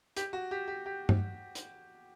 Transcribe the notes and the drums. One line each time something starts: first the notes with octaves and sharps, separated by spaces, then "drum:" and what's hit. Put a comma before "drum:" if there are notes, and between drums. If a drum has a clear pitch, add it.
G4, drum: hi-hat
F#4
G4
G4
G4
drum: tom G2
drum: hi-hat